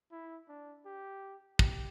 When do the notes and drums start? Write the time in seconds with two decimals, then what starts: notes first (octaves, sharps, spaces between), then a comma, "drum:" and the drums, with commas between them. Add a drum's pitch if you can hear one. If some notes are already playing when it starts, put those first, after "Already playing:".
0.12 E4
0.48 D4
0.86 G4
1.59 G4, drum: kick